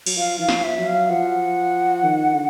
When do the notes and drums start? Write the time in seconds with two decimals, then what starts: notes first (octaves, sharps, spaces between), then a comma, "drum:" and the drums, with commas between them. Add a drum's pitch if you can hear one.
0.06 F#3, drum: cymbal
0.17 F3 F5
0.39 E3 F5
0.49 F3, drum: snare
0.63 E5
0.79 F#3
0.87 F5
1.10 F3 F#5
2.03 D#3
2.34 D3